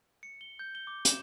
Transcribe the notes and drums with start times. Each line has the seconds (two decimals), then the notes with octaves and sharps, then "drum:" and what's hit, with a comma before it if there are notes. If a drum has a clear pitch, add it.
0.23 C#7
0.41 G7
0.59 G6
0.75 G7
0.87 D6
1.05 E7, drum: hi-hat